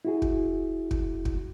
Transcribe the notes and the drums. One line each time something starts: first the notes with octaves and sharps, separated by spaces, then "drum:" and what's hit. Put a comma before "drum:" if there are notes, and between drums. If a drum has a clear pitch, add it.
E4 F#4 G#4
drum: kick
drum: kick
drum: kick